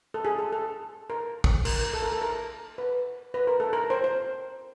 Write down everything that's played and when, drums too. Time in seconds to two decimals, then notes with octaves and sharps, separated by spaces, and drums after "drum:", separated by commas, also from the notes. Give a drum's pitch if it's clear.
0.14 A4
0.25 G#4
0.39 A4
0.53 A4
1.10 A#4
1.44 drum: kick
1.65 A#4, drum: cymbal
1.79 A#4
1.94 A4
2.03 A#4
2.12 A4
2.22 A#4
2.78 B4
3.34 B4
3.47 A#4
3.60 A4
3.73 A#4
3.90 C5
4.04 C5